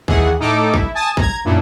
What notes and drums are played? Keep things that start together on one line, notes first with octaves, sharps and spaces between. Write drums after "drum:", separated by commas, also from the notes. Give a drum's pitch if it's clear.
D#2 E3 G#4 F#5, drum: kick
A2 D#4 A4 D6
E4, drum: kick
G#5 A5 D#6 A6
A#5 G#6, drum: kick
F#2 A#2 D4 E4